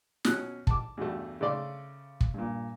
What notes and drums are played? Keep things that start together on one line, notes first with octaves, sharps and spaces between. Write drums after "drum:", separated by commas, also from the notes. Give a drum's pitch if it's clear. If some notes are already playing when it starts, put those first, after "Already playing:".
B2 C#4 F#6, drum: snare
A5 D6, drum: kick
E2 G2 B2 G3 A3
C#3 A3 D5 C6
drum: kick
G2 A#2